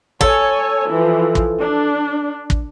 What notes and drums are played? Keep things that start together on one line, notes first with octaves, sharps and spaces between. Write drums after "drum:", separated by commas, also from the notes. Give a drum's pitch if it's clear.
A4 C#5 G#5, drum: kick
E3 F3
drum: kick
D4
drum: kick